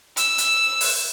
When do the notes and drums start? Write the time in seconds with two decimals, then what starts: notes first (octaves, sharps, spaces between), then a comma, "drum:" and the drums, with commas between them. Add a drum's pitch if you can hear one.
0.17 E6, drum: hi-hat
0.38 drum: hi-hat
0.81 drum: open hi-hat